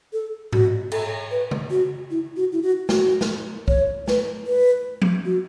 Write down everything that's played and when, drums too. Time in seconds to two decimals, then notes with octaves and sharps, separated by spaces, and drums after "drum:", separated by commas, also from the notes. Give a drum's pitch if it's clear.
0.13 A4
0.53 F#4, drum: tom G#2
0.92 A4, drum: cymbal
1.31 B4
1.51 drum: tom C#3
1.70 F#4
2.11 E4
2.37 F#4
2.52 E4
2.62 F#4
2.89 F#4, drum: snare
3.21 drum: snare
3.68 C#5, drum: kick
4.08 B4, drum: snare
4.47 B4
5.02 drum: tom F3
5.25 F#4